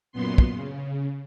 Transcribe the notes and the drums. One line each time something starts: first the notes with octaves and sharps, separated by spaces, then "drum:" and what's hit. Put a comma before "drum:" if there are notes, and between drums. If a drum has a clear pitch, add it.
F#2 A#2 B3 C6
drum: kick
C#3